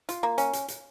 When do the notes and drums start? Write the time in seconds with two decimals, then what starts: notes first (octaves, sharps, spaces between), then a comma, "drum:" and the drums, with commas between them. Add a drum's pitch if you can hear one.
0.09 F4, drum: hi-hat
0.23 A#3
0.38 C#4, drum: hi-hat
0.53 drum: hi-hat
0.68 drum: hi-hat